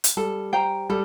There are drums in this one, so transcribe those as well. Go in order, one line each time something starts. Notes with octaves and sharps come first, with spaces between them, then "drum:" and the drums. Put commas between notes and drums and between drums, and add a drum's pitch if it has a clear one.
drum: hi-hat
G3 A4
C5 G5 A#5
G3 A4